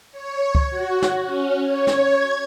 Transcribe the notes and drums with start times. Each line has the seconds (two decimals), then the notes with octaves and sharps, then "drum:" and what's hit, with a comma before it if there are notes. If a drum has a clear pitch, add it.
0.11 C#5
0.55 drum: kick C#2
0.70 F#4
1.02 drum: snare
1.26 C#4
1.64 C#5
1.87 drum: snare
2.11 G#6